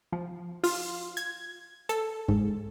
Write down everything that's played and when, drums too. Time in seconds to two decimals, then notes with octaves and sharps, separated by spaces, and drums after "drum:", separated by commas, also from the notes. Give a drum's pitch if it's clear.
0.13 F3
0.64 F4, drum: open hi-hat
1.17 G#6, drum: hi-hat
1.89 A4, drum: hi-hat
2.28 G#2, drum: kick